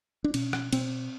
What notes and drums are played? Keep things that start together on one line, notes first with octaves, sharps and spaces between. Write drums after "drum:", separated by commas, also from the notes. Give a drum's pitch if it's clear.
D4
B2 C#4, drum: cymbal
drum: rim click
B2 C4, drum: cymbal